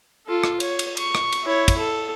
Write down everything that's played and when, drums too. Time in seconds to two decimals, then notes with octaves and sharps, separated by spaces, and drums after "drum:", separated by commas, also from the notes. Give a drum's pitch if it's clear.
0.27 F4 A4
0.44 drum: rim click
0.60 C#5, drum: cymbal
0.79 drum: cymbal
0.97 C#6, drum: cymbal
1.15 drum: rim click
1.32 drum: cymbal
1.44 E4 C#5
1.68 drum: kick, cymbal
1.78 A4